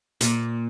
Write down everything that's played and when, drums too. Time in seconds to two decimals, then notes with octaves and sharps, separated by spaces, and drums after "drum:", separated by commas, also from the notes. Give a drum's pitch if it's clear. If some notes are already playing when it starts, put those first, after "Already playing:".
0.21 A#2, drum: hi-hat